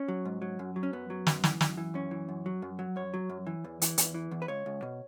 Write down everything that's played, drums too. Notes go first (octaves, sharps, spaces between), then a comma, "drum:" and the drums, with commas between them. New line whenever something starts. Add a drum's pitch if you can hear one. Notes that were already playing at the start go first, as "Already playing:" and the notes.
Already playing: C#4
F#3
G#2
F#3
F#2
F#3
C#4
F#2 B3
F#3
F#2, drum: snare
E3, drum: snare
F#2, drum: snare
E3
F#2 C#4
E3
F#2
F#3
F#2
F#3
F#2 C#5
F#3
F#2
E3
E2
E3, drum: hi-hat
E2, drum: hi-hat
E3
E2
B4
C#2 C#5
C#2
B2